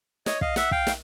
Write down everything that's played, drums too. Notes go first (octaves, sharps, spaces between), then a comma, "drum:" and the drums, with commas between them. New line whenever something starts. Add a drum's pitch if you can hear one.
C#5 D#5, drum: snare
D#5 F5, drum: kick
E5 F#5, drum: snare
F5 G5, drum: kick
drum: snare